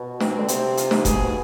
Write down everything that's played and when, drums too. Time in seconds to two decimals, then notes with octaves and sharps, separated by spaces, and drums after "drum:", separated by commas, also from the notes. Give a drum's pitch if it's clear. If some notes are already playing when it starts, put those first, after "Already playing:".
Already playing: B2
0.20 C4, drum: snare
0.38 D3
0.48 C3 C4, drum: hi-hat
0.77 F4, drum: hi-hat
0.91 drum: snare
1.05 B2 G#4, drum: kick F1, hi-hat